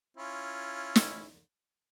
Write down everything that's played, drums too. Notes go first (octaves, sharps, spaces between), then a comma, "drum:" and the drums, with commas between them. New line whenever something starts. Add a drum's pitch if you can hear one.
C#4 E4 F4
drum: snare